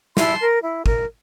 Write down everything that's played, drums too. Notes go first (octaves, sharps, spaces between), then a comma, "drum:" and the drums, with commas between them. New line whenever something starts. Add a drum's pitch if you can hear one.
E4 A5 C6, drum: snare
A#4
E4
A#4, drum: kick